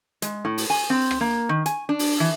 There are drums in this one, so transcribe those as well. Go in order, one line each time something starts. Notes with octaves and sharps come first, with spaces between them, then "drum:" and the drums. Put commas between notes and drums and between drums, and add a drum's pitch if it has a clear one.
G#3, drum: hi-hat
A2
drum: open hi-hat
G#5
C4
drum: rim click
A#3
D#3
G#5, drum: hi-hat
D4
drum: open hi-hat
E3